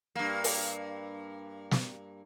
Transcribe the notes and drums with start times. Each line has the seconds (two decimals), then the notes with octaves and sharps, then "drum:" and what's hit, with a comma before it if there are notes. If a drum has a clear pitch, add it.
0.15 G2 A#3
0.44 drum: open hi-hat
1.71 drum: snare